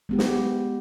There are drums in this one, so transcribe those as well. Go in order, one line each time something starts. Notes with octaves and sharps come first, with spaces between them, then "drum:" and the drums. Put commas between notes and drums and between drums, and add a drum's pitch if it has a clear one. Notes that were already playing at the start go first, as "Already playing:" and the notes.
G#3 B3 G4
drum: snare